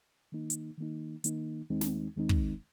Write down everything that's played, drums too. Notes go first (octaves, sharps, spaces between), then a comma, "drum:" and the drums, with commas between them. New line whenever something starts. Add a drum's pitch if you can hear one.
D#3 A#3 D#4
drum: hi-hat
D#3 A#3 D#4
D#3 A#3 D#4, drum: hi-hat
D#2 D#3 G#3 C4 D#4
drum: snare
D#2 D#3 G#3 C4 D#4
drum: kick